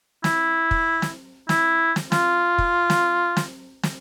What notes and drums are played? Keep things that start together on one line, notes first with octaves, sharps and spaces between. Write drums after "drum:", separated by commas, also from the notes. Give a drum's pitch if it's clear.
E4, drum: snare
drum: kick
drum: snare
E4, drum: snare
drum: snare
F4, drum: snare
drum: kick
drum: snare
drum: snare
drum: snare